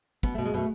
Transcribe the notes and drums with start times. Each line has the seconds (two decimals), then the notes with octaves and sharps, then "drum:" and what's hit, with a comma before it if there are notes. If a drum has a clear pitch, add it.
0.23 B2 B3, drum: kick
0.35 B2 A3
0.45 G#3
0.54 B2 A3